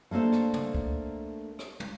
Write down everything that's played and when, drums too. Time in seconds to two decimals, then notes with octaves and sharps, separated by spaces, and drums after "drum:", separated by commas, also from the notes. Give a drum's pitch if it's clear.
0.11 A3 A#3 D4 A4 C5
0.32 drum: rim click
0.53 drum: tom
0.75 drum: kick C#2
1.59 drum: rim click
1.80 drum: tom